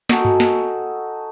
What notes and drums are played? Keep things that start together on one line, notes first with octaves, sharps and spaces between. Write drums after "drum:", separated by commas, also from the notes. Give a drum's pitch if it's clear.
D#4 F#4 A4 G#5, drum: snare
drum: tom G2
drum: snare